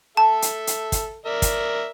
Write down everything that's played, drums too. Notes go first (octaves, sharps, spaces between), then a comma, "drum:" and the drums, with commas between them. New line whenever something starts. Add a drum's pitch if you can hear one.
A4 E5 A5
drum: hi-hat
drum: hi-hat
drum: kick, hi-hat
A#4 D5 E5
drum: kick, hi-hat